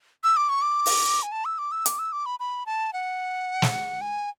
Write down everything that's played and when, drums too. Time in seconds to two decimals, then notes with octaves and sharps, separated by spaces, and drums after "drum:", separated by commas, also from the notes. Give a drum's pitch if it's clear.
0.24 E6
0.37 D6
0.49 C#6
0.62 D6
0.86 drum: open hi-hat
1.23 G#5
1.32 A5
1.45 E6
1.58 D6
1.72 E6
1.86 D6, drum: hi-hat
1.99 E6
2.12 D6
2.26 B5
2.40 B5
2.66 A5
2.93 F#5
3.62 drum: snare
4.01 G#5